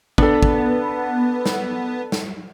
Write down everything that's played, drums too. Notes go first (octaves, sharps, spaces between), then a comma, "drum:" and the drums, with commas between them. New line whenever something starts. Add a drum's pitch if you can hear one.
B3 D4 A4, drum: kick
drum: kick
drum: snare
drum: snare